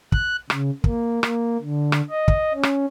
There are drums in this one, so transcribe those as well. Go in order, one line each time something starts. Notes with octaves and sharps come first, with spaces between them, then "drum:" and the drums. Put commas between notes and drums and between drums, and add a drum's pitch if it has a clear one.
F#6, drum: kick
C#3, drum: rim click
A#3, drum: kick
A#3, drum: rim click
D3
drum: rim click
D#5
drum: kick
C#4
drum: rim click